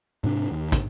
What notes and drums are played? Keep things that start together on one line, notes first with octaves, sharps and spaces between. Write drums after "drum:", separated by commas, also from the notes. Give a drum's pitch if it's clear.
G#2 C3 D4
D#2
drum: kick, hi-hat